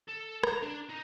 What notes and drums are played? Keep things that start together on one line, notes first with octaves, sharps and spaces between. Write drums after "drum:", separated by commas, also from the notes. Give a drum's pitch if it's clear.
A4
A#5, drum: rim click
D4
D#4